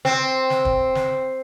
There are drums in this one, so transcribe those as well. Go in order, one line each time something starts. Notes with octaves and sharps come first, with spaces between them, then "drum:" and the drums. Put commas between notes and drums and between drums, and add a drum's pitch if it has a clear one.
C4, drum: snare
drum: snare
drum: kick
drum: snare